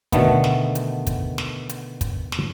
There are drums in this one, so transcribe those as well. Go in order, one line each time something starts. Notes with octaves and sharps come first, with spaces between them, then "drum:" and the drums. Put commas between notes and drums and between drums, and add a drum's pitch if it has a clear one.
B2 D3 D#3 A3 B3, drum: kick, hi-hat
drum: snare
drum: hi-hat
drum: kick, hi-hat
drum: snare
drum: hi-hat
drum: kick, hi-hat
drum: snare